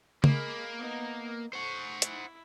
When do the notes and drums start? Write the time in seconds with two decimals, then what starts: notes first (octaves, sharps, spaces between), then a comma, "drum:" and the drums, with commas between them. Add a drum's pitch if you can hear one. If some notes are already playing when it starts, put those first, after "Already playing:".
0.24 G#3 A#3 B5, drum: tom C#3
0.77 B3 D#4
1.53 C5 F#5 C#6
2.02 E4, drum: hi-hat